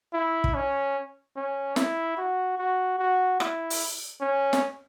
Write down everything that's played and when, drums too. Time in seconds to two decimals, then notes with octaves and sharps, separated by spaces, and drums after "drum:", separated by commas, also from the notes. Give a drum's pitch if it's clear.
0.13 E4
0.44 drum: kick
0.54 C#4
1.36 C#4
1.76 E4, drum: snare
2.17 F#4
2.58 F#4
2.99 F#4
3.40 E4, drum: rim click
3.70 drum: open hi-hat
4.21 C#4
4.53 drum: snare